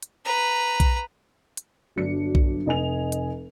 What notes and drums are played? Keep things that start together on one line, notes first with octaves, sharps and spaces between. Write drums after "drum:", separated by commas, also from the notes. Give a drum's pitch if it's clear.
drum: hi-hat
B4 A#5
drum: kick B1, hi-hat
drum: hi-hat
G1 F#3 D4 C#7
drum: kick B1
F1 D#5 G#5 F7
drum: hi-hat